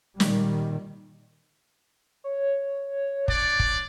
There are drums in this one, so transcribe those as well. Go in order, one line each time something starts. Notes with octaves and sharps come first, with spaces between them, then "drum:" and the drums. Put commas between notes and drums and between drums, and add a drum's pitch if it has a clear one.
A#2 D#3 G3, drum: snare
C#5
D4 C#5 D5, drum: kick
drum: kick